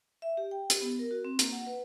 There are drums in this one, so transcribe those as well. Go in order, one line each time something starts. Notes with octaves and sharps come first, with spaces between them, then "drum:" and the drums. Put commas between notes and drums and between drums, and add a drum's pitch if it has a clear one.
E5
G4
G5
G4, drum: hi-hat
B3
A#4
F#4
C4
A#3, drum: hi-hat
F#5
B4